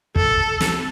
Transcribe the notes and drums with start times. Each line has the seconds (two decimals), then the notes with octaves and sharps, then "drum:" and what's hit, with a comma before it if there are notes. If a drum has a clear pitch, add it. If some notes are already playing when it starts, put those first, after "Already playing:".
0.16 A4, drum: kick
0.61 drum: snare